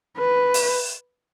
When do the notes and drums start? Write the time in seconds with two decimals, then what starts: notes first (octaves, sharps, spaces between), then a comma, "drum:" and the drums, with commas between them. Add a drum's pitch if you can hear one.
0.19 B4
0.54 drum: open hi-hat